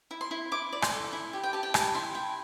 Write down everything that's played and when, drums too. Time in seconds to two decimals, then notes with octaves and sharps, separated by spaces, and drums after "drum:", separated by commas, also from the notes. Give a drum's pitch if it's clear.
0.11 E4
0.21 C6
0.31 E4
0.52 E4 D6
0.73 D5
0.82 C6, drum: rim click
0.92 A4
1.13 E4
1.33 G4
1.44 G5
1.53 G4 A5
1.63 G5
1.74 E4 A5, drum: rim click
1.95 E4 C6
2.15 E4 G5